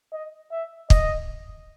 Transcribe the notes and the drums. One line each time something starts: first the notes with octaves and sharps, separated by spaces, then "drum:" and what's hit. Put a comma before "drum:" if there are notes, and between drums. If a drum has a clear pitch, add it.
D#5
E5
D#5, drum: kick